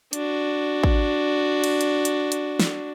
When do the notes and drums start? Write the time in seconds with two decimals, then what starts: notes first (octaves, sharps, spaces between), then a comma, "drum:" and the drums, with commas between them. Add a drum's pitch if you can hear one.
0.13 D4 F#4, drum: hi-hat
0.84 drum: kick
1.64 drum: cymbal
1.81 drum: hi-hat
2.05 drum: hi-hat
2.32 drum: hi-hat
2.60 drum: snare